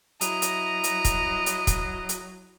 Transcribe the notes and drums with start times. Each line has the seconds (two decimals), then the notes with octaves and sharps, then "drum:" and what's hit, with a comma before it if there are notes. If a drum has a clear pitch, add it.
0.21 F#3 E4 D#5 A#5, drum: hi-hat
0.42 drum: hi-hat
0.84 drum: hi-hat
1.05 drum: kick, hi-hat
1.46 drum: hi-hat
1.67 drum: kick, hi-hat
2.09 drum: hi-hat